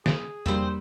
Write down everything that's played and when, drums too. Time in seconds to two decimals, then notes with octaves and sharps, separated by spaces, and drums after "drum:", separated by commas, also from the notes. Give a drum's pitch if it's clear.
0.06 G#4, drum: snare
0.46 G3 A#3 C4 D4 C5, drum: tom E2